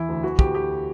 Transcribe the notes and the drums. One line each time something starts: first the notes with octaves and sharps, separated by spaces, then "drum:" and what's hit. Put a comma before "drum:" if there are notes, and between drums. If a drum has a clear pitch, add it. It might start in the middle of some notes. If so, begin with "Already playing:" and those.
Already playing: E2 E3 E4
D2
E3 F#4
D2 G4, drum: kick
D2 G4